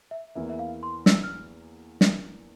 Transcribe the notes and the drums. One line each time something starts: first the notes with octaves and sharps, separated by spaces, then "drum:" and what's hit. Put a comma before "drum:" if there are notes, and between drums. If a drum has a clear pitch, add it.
E5
E2 E3 A#3 E4 E5
E5
F5
C6
E6, drum: snare
F6
drum: snare